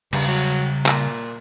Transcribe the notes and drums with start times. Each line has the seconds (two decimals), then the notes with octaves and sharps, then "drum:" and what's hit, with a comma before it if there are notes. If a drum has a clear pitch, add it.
0.13 G2 C#3 G3, drum: cymbal
0.28 F#3
0.86 A#2, drum: clap